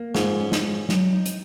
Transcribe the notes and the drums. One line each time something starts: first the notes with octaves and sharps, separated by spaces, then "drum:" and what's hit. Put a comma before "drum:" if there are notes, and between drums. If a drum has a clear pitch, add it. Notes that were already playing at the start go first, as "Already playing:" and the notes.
Already playing: A#3
G#2 F4, drum: snare
C#4
drum: snare
C#4
F#3, drum: snare
D#4
drum: hi-hat